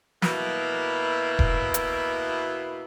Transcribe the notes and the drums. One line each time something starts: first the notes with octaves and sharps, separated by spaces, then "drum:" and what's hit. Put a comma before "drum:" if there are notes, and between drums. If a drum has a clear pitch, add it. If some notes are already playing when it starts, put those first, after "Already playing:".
B2 A#3 E4, drum: snare
drum: kick E1
drum: hi-hat